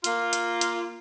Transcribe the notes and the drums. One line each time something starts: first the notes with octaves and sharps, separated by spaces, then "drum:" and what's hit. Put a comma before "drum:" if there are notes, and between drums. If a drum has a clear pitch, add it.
A#3 F4, drum: hi-hat
drum: hi-hat
drum: hi-hat